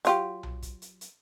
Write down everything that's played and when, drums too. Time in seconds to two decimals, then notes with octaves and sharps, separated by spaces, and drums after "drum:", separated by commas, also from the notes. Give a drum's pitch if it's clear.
0.05 F#3 F4 G4, drum: hi-hat
0.43 drum: tom B1
0.62 drum: kick, hi-hat
0.82 drum: hi-hat
1.01 drum: hi-hat